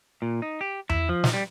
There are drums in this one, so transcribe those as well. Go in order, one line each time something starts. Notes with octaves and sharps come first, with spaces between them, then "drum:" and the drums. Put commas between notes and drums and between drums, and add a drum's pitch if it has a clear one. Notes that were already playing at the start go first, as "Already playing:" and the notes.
A#2
D#4
G4
E4, drum: tom E2
F3
drum: snare
G3